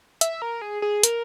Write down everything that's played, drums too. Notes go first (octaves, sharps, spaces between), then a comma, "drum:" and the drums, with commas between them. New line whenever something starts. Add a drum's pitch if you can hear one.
E5, drum: hi-hat
A#4
G#4
G#4
A#4, drum: hi-hat